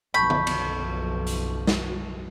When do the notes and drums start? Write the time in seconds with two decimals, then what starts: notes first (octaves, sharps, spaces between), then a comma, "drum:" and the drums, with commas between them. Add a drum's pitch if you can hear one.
0.14 F#1 B1 F3 A5 B5 C#6 G6
0.30 drum: tom D3
0.47 drum: cymbal
1.27 drum: hi-hat
1.67 drum: snare